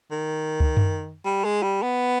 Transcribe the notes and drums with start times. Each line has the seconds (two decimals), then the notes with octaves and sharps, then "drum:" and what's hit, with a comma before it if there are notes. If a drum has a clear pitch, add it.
0.11 D#3
0.60 drum: kick C#2
0.77 drum: tom F#2
1.25 G3
1.44 G#3
1.63 G3
1.82 B3